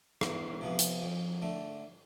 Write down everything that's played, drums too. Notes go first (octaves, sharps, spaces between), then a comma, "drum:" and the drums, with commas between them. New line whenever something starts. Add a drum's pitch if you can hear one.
E2, drum: rim click
C3 F3 B3
drum: hi-hat
F2
D3 A3